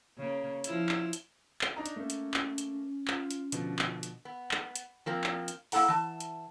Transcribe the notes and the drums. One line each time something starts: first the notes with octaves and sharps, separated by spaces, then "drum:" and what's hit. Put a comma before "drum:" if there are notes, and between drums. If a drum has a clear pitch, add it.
C#3 A#3
F3 E4 F4, drum: hi-hat
drum: clap
drum: hi-hat
drum: clap
D4 D#4 A#5
drum: hi-hat
A3 A#3 C#4
drum: hi-hat
drum: clap
drum: hi-hat
F4, drum: clap
drum: hi-hat
B2 D3 F3, drum: hi-hat
drum: clap
drum: hi-hat
B3
drum: clap
drum: hi-hat
F3 A#3 C4
drum: clap
drum: hi-hat
A#3 E4 A4 F#5 A#5, drum: open hi-hat
E3 A5
drum: hi-hat